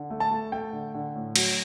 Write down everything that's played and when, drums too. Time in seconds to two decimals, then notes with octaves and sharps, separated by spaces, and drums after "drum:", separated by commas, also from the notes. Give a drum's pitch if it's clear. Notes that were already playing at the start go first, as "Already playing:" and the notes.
Already playing: D3
0.10 A3
0.20 A5
0.31 A3
0.52 A3 G5
0.73 D3
0.94 D3
1.15 A2
1.36 F#3, drum: cymbal